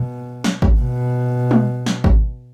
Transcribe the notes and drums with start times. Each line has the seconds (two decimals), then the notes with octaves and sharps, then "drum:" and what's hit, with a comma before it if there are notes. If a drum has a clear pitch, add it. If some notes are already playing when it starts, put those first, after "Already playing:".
Already playing: B2
0.44 drum: snare
0.62 drum: kick G#1
0.80 B2
1.51 drum: tom G3
1.86 drum: snare
2.04 drum: kick G#1